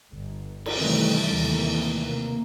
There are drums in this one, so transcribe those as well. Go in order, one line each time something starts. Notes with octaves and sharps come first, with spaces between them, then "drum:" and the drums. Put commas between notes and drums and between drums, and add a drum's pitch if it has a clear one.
G1
drum: cymbal
C3 D#3 E3 G3 A3 C4
D#2 C3 E3 A3 A#3
C3 A#3